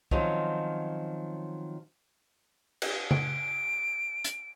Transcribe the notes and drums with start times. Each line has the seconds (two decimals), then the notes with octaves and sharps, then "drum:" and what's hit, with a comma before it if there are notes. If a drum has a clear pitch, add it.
0.11 D#3 F3 F#3 C4 C#4, drum: kick
2.82 drum: cymbal
3.11 D7, drum: tom C#3
4.24 drum: hi-hat